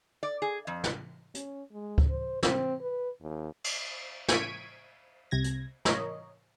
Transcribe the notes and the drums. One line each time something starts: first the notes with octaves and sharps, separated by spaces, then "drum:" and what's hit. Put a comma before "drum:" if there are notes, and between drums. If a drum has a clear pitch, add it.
D5
G#4
F2
drum: snare
C#4, drum: hi-hat
G#3
drum: kick D2
C5
C4, drum: snare
B4
D#2
drum: cymbal
C#6 G#6 B6 D7 D#7, drum: snare
C2 C3 G#6 A#6
drum: hi-hat
A#4 C#5 D#5, drum: snare